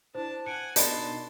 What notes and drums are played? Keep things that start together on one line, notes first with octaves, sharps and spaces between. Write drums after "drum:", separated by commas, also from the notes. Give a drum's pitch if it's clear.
D4 E4 C5 A5
F#5 G#5 C#7 D7
B2 D4 D#4 A#4 D5 A5 B5 C6, drum: hi-hat